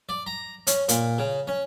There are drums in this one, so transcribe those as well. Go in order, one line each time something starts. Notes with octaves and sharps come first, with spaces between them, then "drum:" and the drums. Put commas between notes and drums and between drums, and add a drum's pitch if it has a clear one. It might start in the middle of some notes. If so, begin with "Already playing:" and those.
D5
A#5
C#4, drum: hi-hat
A#2, drum: hi-hat
C#3
C#4